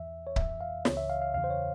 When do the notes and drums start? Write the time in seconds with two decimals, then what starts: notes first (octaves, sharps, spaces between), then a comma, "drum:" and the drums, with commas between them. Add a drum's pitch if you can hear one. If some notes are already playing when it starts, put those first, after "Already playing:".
Already playing: E2 E3 E5
0.27 C#5
0.36 F2 E3 E5, drum: kick C#1
0.61 F5
0.85 C#2 C#3 E3 C#5, drum: snare
0.97 E5
1.10 F5
1.22 F5
1.34 E2 C#3 E3 F5
1.44 C5
1.50 C#5